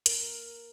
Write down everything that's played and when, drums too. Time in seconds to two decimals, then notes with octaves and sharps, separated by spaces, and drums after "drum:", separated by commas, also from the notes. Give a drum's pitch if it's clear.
0.06 A#4, drum: hi-hat